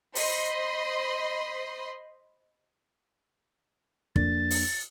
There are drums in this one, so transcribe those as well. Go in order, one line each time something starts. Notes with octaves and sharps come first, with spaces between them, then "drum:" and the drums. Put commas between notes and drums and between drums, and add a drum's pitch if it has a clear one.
C5 D#5 B5 C6, drum: open hi-hat
F2 A#3 D4 A6, drum: kick
drum: open hi-hat